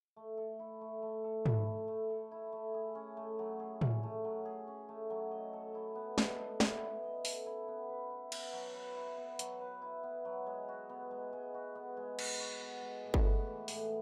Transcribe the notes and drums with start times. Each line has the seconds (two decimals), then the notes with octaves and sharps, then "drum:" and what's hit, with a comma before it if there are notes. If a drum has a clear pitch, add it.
0.16 A3
0.37 A4
0.59 E4
0.81 A3
1.02 A3
1.24 A4
1.46 E4, drum: tom G#2
1.67 A3
1.88 A3
2.10 A4
2.31 E4
2.52 A3
2.74 G#4
2.95 C#4
3.17 A3
3.39 F#3
3.60 G#4
3.81 C#4, drum: tom A2
4.03 A3
4.24 F#3
4.45 G#4
4.67 C#4
4.89 A3
5.10 F#3
5.31 D#5
5.53 A4
5.75 E4
5.95 B3
6.18 D#5, drum: snare
6.39 A4
6.60 E4, drum: snare
6.82 B3
7.03 D#5
7.25 A4, drum: open hi-hat
7.46 E4
7.68 B3
7.89 B4
8.10 E4
8.32 B3, drum: cymbal
8.53 F#3
8.75 B4
8.96 E4
9.17 B3
9.39 F#3, drum: hi-hat
9.60 B4
9.82 E4
10.03 B3
10.25 F#3
10.46 G#3
10.69 F#4
10.89 B3
11.11 G#3
11.33 G#3
11.54 F#4
11.75 B3
11.97 G#3
12.19 G#3, drum: cymbal
12.40 F#4
12.61 B3
12.82 G#3
13.04 A2
13.14 drum: kick G1
13.25 B3
13.47 E3
13.68 A2, drum: open hi-hat